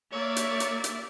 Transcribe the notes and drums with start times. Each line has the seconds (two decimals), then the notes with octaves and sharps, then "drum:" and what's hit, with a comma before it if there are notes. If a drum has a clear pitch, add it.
0.13 A#3 C#5 D5 E5
0.36 drum: hi-hat
0.60 drum: hi-hat
0.84 drum: hi-hat